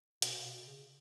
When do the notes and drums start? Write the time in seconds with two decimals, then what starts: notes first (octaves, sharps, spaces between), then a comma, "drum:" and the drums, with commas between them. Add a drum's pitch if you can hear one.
0.22 B2, drum: hi-hat
0.45 B2
0.67 C#3